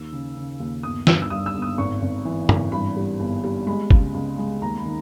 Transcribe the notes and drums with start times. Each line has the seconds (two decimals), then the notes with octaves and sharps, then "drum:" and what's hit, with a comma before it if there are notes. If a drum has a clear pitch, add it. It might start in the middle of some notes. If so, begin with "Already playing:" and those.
Already playing: D#2 E6
0.12 C#3
0.36 C#3
0.60 D#2
0.83 G1 D#6
1.07 G2 E6, drum: snare
1.22 E6
1.30 G2 D#6
1.46 E6
1.55 G1
1.62 D#6
1.78 G#1 C#6
2.02 G#1
2.25 E3
2.49 G#1, drum: tom
2.72 G2 B5
2.97 G3
3.20 G1
3.44 G3
3.67 G#3 B5
3.91 C#2, drum: kick
4.14 C#2
4.38 G#3
4.62 D#2 A#5
4.77 B5
4.85 D#3